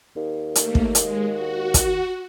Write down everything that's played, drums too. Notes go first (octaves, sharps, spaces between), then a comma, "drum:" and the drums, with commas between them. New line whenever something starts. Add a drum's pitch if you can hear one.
D#2
A3 A#3, drum: hi-hat
drum: kick
G#3, drum: hi-hat
F#4
drum: kick, hi-hat